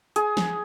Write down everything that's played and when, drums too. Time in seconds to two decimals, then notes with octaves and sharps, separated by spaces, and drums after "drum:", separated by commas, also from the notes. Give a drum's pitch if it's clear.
0.16 G#4, drum: hi-hat
0.37 drum: snare